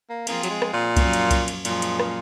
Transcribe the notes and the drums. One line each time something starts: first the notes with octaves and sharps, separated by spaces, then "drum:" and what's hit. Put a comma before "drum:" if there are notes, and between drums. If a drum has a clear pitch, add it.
A#3
F3 A#3 C4 F4 G#4, drum: cymbal
F#3, drum: cymbal
G#3
drum: rim click
A#2
F#2 F3 A#3 F4, drum: kick C2, cymbal
drum: cymbal
drum: kick C2, cymbal
drum: cymbal
F#2 A#2 F3 G#3, drum: cymbal
drum: cymbal
drum: rim click